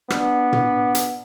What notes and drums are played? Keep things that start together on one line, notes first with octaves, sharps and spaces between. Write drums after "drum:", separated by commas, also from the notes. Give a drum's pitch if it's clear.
B3 D4, drum: rim click
drum: tom
drum: hi-hat